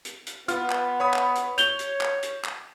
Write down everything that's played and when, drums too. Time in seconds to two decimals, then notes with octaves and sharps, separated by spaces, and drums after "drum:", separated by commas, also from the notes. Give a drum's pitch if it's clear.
0.05 drum: hi-hat
0.27 drum: hi-hat
0.48 B3 F4 F6, drum: hi-hat
0.70 drum: clap
1.00 C#5 B5 D#6
1.14 drum: clap
1.35 drum: hi-hat
1.58 C#5 G6 F7 G7, drum: hi-hat
1.79 drum: hi-hat
2.01 drum: clap
2.23 drum: hi-hat
2.44 drum: clap